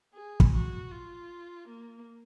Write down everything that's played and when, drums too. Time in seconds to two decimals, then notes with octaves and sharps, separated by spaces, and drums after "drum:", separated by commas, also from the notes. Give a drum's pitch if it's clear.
0.14 G#4
0.40 drum: kick
0.53 F#4
0.91 F4
1.68 A#3